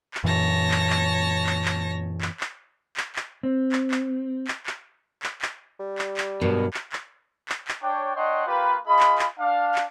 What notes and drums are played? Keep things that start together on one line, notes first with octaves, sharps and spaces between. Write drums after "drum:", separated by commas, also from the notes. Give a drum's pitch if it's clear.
drum: clap
F#2 A#2 E3 C#5 A5 A#6
drum: clap
drum: clap
drum: clap
drum: clap
drum: clap
drum: clap
drum: clap
drum: clap
C4
drum: clap
drum: clap
drum: clap
drum: clap
drum: clap
drum: clap
G3
drum: clap
drum: clap
G2 B2 F#3 A#4
drum: clap
drum: clap
drum: clap
drum: clap
D4 C#5 G5
D4 C#5 D#5 F#5 G5 C6
A#3 F4 G4 B4
F4 G#4 D#5 B5
drum: clap
drum: clap
D4 F5
drum: clap